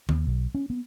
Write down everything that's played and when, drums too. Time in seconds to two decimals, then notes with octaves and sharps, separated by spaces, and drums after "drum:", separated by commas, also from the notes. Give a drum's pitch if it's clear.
0.09 D#2, drum: tom D#3
0.27 B1
0.54 C#4
0.70 B3